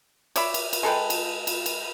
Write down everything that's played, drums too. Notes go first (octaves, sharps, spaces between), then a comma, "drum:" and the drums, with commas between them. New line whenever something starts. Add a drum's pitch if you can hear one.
C#5 D5 E5 B5, drum: cymbal
drum: cymbal
drum: cymbal
G#3 A4 B4 G5
drum: cymbal
drum: cymbal
drum: cymbal